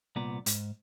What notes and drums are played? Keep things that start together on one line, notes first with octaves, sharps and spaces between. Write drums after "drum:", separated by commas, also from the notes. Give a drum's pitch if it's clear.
C2 A#2 B3 D5 A#5
G#2, drum: hi-hat